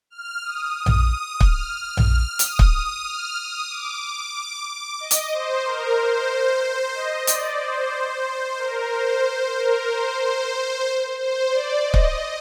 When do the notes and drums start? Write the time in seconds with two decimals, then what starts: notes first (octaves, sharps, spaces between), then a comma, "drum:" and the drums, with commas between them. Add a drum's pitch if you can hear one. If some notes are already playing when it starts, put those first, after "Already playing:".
0.10 F6
0.43 D#6
0.75 D#6
0.86 drum: tom A#1
1.08 D#6
1.40 F6, drum: kick
1.97 drum: tom A#1
2.39 D#6, drum: hi-hat
2.59 drum: kick
2.71 D#6
3.03 F6
3.37 D#6
3.69 D6
4.67 D6
5.00 D#5
5.11 drum: hi-hat
5.32 C5
5.65 A#4
5.98 C5
6.95 D#5
7.27 D5, drum: hi-hat
7.60 C5
8.59 A#4
8.90 C5
9.56 A#4
9.89 C5
10.21 C5
11.19 C5
11.51 D5
11.84 D#5
11.94 drum: kick